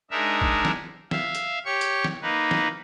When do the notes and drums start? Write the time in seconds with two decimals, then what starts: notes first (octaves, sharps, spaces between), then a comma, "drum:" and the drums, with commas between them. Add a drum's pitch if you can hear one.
0.11 G#3 D4 D#4 A#4 E5
0.41 drum: kick A1
0.65 drum: snare
1.11 E5 F5, drum: snare
1.35 drum: hi-hat
1.65 G4 C#5 C#6
1.81 drum: hi-hat
2.04 drum: snare
2.22 A#3 D#4 B4
2.51 drum: snare